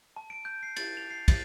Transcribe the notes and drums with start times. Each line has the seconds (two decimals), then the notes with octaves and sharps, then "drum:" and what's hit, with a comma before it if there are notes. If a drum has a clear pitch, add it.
0.16 A5
0.30 D7
0.45 G6
0.63 C7
0.76 A6, drum: cymbal
0.97 F7
1.11 C7
1.28 A6, drum: kick, cymbal